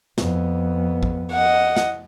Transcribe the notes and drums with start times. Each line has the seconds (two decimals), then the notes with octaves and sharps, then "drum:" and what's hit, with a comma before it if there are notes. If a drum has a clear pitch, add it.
0.18 F2 B3, drum: snare
1.03 drum: kick
1.32 D#5 F#5
1.77 drum: snare